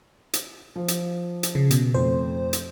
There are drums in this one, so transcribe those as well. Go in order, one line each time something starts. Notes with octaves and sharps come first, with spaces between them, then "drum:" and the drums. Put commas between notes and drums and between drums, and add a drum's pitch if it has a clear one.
drum: hi-hat
F3
drum: hi-hat
drum: hi-hat
C#3
B2, drum: hi-hat
F2 A3 C5
drum: hi-hat